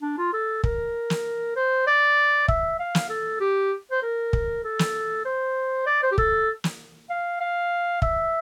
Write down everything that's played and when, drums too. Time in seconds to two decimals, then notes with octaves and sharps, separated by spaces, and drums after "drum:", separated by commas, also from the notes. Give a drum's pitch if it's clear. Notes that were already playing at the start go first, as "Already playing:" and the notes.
0.02 D4
0.18 F4
0.33 A4
0.64 A#4, drum: kick
1.10 drum: snare
1.56 C5
1.87 D5
2.48 E5, drum: kick
2.80 F5
2.95 drum: snare
3.09 A4
3.40 G4
3.91 C5
4.02 A#4
4.33 drum: kick
4.64 A4
4.79 drum: snare
5.25 C5
5.86 D5
6.03 C5
6.12 G4
6.18 A4, drum: kick
6.64 drum: snare
7.10 F5
7.40 F5
8.02 E5, drum: kick